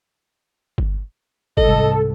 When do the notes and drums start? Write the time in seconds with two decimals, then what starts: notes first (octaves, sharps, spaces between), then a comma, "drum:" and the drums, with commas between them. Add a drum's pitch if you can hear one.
0.78 drum: kick G1
1.57 C2 G#2 A4 D#5, drum: kick G1